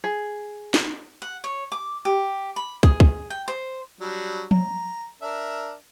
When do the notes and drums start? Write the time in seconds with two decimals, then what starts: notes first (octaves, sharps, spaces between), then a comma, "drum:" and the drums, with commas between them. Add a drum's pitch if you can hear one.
0.04 G#4
0.74 drum: snare
1.22 F#5
1.44 C#5
1.72 D6
2.05 G4
2.56 B5
2.83 G#4, drum: kick
3.00 drum: kick
3.30 G5
3.48 C5
4.01 F#3 G3 D4
4.51 A#5, drum: tom F3
5.22 D4 A#4 E5